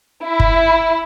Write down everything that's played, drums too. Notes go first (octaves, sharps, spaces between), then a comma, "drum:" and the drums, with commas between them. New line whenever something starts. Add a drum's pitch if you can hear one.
E4
drum: kick